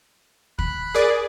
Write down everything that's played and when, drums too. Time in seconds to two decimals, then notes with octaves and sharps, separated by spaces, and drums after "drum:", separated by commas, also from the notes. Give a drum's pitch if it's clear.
0.59 B5 F#6, drum: kick
0.95 G#4 A#4 D5